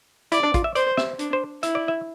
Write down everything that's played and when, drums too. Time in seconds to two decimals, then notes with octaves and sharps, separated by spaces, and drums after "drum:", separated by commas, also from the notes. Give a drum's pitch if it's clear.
0.32 E4 D5, drum: hi-hat
0.44 D4
0.54 F4, drum: kick, hi-hat
0.64 E5
0.75 C5 D5, drum: hi-hat
0.97 E5, drum: snare
1.19 D4, drum: hi-hat
1.33 C5
1.63 E4 E5, drum: hi-hat
1.75 D5
1.88 E5